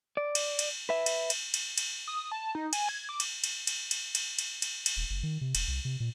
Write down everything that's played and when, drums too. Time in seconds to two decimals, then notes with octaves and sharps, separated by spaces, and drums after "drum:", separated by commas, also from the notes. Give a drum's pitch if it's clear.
0.17 D5
0.35 drum: cymbal
0.59 drum: cymbal
0.89 B4 E5
1.06 drum: cymbal
1.30 drum: cymbal
1.54 drum: cymbal
1.78 drum: cymbal
2.08 D#6
2.32 A5
2.55 D#4
2.73 G#5, drum: cymbal
2.89 G#6
3.09 D6
3.20 drum: cymbal
3.44 drum: cymbal
3.67 drum: cymbal
3.91 drum: cymbal
4.15 drum: cymbal
4.39 drum: cymbal
4.62 drum: cymbal
4.86 drum: cymbal
4.97 D#1
5.10 F#1
5.23 D#3
5.41 C3
5.55 E1, drum: cymbal
5.68 C2
5.85 C3
6.00 A#2